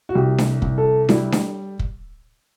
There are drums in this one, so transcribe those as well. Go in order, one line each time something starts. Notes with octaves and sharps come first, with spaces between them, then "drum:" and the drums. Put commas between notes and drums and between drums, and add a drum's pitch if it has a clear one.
F#4
C2 G4
drum: snare D4
C2, drum: kick
A4
G3 E4, drum: snare D4
drum: snare D4
drum: kick